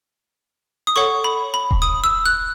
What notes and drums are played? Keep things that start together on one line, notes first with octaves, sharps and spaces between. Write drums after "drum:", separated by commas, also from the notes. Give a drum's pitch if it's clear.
D#6
A4 C#5 F#5 C#6
B5
B5
drum: kick D#1
D#6
E6
F#6